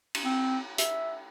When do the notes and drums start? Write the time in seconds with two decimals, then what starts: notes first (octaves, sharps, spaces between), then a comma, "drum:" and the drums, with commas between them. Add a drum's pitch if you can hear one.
0.15 drum: cymbal
0.25 C4
0.78 E5, drum: hi-hat